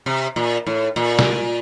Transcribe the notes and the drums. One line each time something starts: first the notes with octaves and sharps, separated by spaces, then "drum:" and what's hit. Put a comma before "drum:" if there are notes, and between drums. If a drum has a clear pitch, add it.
C3
A#2
A2
A#2
drum: snare